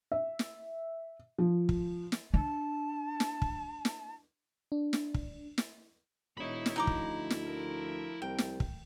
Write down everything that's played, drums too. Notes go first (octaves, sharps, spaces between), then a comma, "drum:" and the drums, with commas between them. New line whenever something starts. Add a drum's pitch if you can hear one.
E5
drum: snare
F3
drum: kick
drum: snare
D4 A5
drum: snare
drum: kick
drum: snare
D4
drum: snare
drum: kick
drum: snare
E1 B2 D#4 E4 C#5 B5
drum: snare
D2 F3 D#4 A#5 D6
drum: kick
drum: snare
F3 A3 A#4
C2 G5
drum: snare
drum: kick